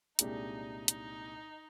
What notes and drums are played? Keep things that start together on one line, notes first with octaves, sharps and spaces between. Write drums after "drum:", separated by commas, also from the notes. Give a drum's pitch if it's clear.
C2 A#2 G#3 D4 D#4 G4, drum: hi-hat
D#4, drum: hi-hat